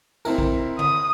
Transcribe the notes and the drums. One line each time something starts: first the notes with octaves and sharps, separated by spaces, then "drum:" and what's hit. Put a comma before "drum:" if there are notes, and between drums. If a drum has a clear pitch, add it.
C4 E4 A#4, drum: cymbal
drum: kick
D#6, drum: tom